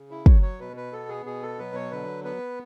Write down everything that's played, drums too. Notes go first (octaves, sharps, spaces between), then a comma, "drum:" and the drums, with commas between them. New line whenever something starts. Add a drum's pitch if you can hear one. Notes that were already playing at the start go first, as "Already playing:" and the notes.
Already playing: C#3
E4
F#3 C#5, drum: kick
C#5
B2 B4
B4
B3 A4
G#4
B2 G#4
A4
F#3 B4
C#5
D3 B4
B3 B4